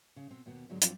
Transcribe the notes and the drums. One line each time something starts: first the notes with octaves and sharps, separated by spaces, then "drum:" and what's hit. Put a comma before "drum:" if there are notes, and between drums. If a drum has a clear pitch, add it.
C#3
B2 C4
D#2 B2 B3
G#2 D3 F#3 G#3
G2 F3 F#3 C4 D4 F4, drum: hi-hat